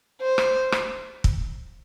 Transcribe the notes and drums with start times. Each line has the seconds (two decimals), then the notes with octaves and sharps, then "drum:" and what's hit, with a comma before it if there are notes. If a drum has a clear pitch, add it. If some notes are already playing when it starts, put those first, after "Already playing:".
0.21 C5
0.38 drum: rim click
0.72 drum: rim click
1.24 drum: kick